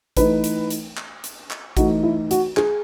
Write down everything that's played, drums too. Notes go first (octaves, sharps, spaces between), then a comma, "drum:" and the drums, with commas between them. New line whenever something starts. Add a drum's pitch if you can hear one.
E3 A3 D#4 B4, drum: kick A1, hi-hat
drum: hi-hat
drum: hi-hat
drum: clap
drum: hi-hat
drum: clap
E3 A3 D#4 F#4, drum: kick A1, hi-hat
E4
F#4, drum: hi-hat
G#4, drum: clap